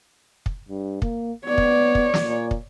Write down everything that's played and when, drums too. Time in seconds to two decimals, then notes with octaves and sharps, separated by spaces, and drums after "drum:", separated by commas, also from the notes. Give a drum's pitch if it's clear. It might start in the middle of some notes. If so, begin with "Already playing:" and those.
0.46 drum: kick
0.69 G2
1.02 A#3, drum: kick
1.46 B3 C#5 D5
1.58 drum: kick
1.95 drum: kick
2.14 drum: snare
2.24 A#2
2.51 drum: kick